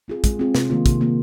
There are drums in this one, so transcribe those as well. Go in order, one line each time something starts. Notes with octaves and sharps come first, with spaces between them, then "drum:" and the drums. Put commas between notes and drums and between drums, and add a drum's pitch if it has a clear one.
C4 F4 G#4
G#3, drum: kick, hi-hat
C4 F4 G#4
C3, drum: snare
D#3 A#3 F4
C3, drum: kick, hi-hat
D#3 A#3 F4